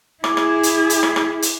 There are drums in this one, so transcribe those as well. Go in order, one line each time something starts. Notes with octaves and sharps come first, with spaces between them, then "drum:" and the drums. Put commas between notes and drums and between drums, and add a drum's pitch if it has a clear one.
E4 G#4 D6, drum: rim click
drum: rim click
drum: hi-hat
drum: hi-hat
drum: rim click
drum: rim click
drum: hi-hat